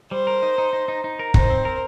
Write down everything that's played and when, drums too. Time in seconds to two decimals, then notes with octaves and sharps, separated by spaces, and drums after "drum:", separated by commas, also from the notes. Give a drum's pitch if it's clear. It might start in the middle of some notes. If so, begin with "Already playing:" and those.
0.11 G3 C5
0.27 A#4
0.43 D#4
0.58 D#4
0.73 D#4
0.88 D#4
1.04 D#4
1.19 A#4
1.34 D#4 C5, drum: kick
1.50 C4
1.65 A#4